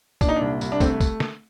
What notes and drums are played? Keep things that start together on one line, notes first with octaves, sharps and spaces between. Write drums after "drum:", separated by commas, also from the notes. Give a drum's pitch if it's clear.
A#2 D4, drum: kick, tambourine
D#4
C2 D4
C2, drum: tambourine
D4
A3 C4, drum: kick, tambourine
drum: kick, tambourine
drum: snare